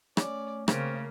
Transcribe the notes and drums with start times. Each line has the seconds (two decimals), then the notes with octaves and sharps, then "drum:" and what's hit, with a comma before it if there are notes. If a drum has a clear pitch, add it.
0.17 A3 C#4 D5, drum: rim click
0.68 C#3 A#3 C4, drum: rim click